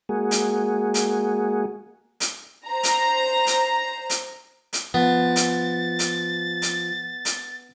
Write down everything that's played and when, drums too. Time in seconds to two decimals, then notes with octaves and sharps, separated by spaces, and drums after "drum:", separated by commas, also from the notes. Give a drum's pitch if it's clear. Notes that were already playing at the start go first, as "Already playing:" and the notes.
0.09 G#3 A#3 F#4 G#4
0.31 drum: hi-hat
0.94 drum: hi-hat
2.20 drum: hi-hat
2.68 C5 A#5
2.83 drum: hi-hat
3.47 drum: hi-hat
4.10 drum: hi-hat
4.73 drum: hi-hat
4.94 F3 B3 A6
5.36 drum: hi-hat
5.99 drum: hi-hat
6.62 drum: hi-hat
7.25 drum: hi-hat